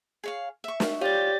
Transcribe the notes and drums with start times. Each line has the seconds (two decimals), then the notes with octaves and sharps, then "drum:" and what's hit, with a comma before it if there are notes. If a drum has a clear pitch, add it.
0.24 G#4 C#5 F5
0.64 E5 C#6
0.80 drum: snare
1.01 F4 G4 C#5 D5 A6